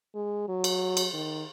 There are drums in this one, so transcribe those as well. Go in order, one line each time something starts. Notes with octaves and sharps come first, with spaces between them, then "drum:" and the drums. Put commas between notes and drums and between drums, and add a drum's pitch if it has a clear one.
G#3
F#3
drum: cymbal
drum: cymbal
D#3